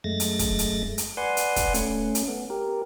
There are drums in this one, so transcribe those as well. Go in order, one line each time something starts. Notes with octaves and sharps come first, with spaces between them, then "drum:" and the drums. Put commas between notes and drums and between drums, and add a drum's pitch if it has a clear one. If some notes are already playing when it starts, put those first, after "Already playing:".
F#2 G#3 A3 A6 A#6
drum: hi-hat
drum: kick, hi-hat
drum: hi-hat
drum: hi-hat
B4 D5 F#5 G#5 C6
drum: hi-hat
drum: kick, hi-hat
A3 C#4, drum: hi-hat
drum: hi-hat
B3
G4 A#4